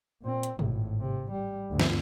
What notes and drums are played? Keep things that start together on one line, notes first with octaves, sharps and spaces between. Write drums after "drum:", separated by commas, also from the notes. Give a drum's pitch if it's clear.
A#2 C4
drum: hi-hat
G#1 A2, drum: tom
C3
G3
D2 G2
drum: snare